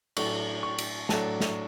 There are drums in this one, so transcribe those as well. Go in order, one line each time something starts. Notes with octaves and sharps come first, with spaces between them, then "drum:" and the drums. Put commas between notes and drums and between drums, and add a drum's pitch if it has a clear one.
A2 F#3 A3 D4 C#6, drum: cymbal
C#6
drum: cymbal
A2 F#3 A3 D4 A5, drum: snare
drum: snare